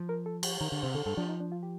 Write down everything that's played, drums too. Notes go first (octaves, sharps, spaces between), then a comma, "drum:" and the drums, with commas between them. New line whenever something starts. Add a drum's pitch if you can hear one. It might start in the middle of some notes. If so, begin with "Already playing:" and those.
Already playing: F3
A#4
A4
drum: cymbal
D#3 A#4
D3
C3 C5
D3 A4
G2 A4
F3 D4
D#4
D4
F4
G4